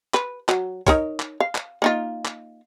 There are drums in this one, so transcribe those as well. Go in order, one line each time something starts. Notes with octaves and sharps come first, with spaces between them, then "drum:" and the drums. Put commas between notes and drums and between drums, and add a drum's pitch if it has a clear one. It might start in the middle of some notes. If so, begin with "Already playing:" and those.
B4, drum: clap
F#3, drum: clap
D#4 A#4 C#5, drum: kick B1, hi-hat
drum: clap
F5
drum: clap
A#3 D#4 F4
drum: clap